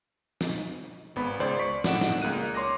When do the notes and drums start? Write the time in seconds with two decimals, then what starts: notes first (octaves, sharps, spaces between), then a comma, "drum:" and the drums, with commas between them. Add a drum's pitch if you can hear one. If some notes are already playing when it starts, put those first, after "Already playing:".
0.41 drum: snare
1.16 G#1 B3 B5
1.40 C#2 C5 D5 C6
1.59 D5 C#6 B6
1.84 A2 D5 F#5 D7 E7, drum: snare
2.01 drum: snare
2.22 C#2 A#3 F#6 D#7
2.55 C#5 C6 D6 A#6